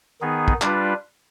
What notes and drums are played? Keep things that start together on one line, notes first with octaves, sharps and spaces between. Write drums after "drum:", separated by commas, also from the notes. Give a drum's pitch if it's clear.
D#3 B3 D#4 G#4
drum: kick
G3 D4 F4 B4, drum: clap